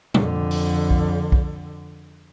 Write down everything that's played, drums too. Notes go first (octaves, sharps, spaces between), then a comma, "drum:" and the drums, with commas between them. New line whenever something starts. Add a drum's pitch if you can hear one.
F2 D3, drum: tom
drum: open hi-hat
drum: kick B1
drum: kick B1